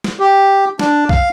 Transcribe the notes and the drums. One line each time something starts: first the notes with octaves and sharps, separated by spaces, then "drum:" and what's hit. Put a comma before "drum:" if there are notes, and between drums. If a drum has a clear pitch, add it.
drum: snare
G4
D4, drum: snare
F5, drum: kick B1